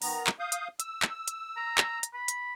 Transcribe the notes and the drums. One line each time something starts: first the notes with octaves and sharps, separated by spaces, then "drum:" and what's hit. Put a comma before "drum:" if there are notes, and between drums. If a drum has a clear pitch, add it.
D#3 B3 A#5, drum: open hi-hat
drum: clap
F5 D#6 G6
drum: hi-hat
E6, drum: hi-hat
drum: clap
drum: hi-hat
A#5
drum: clap
drum: hi-hat
B5
drum: hi-hat